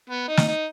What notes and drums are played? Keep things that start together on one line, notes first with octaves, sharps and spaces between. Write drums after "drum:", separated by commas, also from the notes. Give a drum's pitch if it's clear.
B3
D#4
drum: snare
D#4